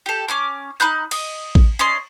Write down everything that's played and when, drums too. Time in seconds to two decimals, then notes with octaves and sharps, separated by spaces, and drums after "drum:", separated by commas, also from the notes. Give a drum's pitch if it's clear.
0.06 G4 A4
0.28 C#4 D6 F6
0.80 D#4 B5 F#6 G6
1.11 D#5, drum: cymbal
1.55 drum: kick A1
1.79 C#4 D#4 D5 C6